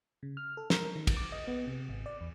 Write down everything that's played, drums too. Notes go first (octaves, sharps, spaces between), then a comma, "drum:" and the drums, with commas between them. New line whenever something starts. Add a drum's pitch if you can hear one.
C#3
F6
A4
A#4, drum: snare
D#3
drum: kick, cymbal
D6
D#5
B3
C3
G#1
D5
E2